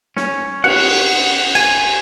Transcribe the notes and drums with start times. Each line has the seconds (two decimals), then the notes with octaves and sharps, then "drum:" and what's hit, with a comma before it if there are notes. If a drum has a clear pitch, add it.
0.17 C#4, drum: snare
0.64 F#5, drum: cymbal
1.55 G#5, drum: cymbal